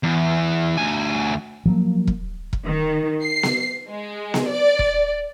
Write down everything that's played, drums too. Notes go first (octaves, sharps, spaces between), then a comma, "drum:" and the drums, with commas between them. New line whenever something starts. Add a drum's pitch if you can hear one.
E2
D2 G#5
F3 F#3 A#3
drum: kick E1
drum: kick E1
D#3
C7
drum: snare B3
G#3
drum: snare B3
D5
drum: kick E1